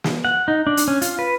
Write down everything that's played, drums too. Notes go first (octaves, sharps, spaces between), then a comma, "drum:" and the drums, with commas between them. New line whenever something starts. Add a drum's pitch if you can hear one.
drum: snare
F#5
D#4
D4
drum: hi-hat
C#4
F4, drum: hi-hat
B4